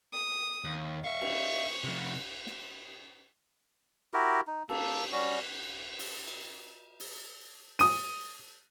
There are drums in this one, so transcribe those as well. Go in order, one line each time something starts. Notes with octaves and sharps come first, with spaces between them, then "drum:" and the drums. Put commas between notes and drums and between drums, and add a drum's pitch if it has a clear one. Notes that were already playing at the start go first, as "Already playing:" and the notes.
D#6
D#2
E5 F5 C#6
drum: cymbal
C3 F3
drum: snare
E4 F#4 G4 A#4
D#4
A#3 A4, drum: cymbal
G3 C#4 F#4
drum: open hi-hat
drum: cymbal
drum: open hi-hat
D#6 D#7, drum: open hi-hat